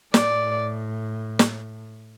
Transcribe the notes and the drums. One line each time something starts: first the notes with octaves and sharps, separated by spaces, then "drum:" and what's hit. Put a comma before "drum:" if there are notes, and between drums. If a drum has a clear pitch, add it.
A2 D5, drum: snare
drum: snare